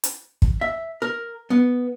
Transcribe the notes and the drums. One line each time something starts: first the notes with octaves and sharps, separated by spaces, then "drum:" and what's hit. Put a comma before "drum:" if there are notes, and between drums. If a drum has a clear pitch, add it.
drum: hi-hat
drum: kick
E5
A#4
B3